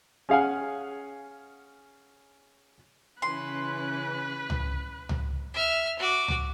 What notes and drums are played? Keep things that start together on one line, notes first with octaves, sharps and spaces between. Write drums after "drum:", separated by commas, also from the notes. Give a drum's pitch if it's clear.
C#4 G#4 F5 F#5 G#5
C#3 E3 C#4 B4 C6 F#6
drum: tom C#2
drum: tom C#2
E5 F6
F#4 D6
drum: tom C#2